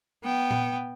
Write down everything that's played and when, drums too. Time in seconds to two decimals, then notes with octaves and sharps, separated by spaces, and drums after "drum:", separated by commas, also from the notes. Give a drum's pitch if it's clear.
0.24 B3 G5
0.50 drum: tom A#2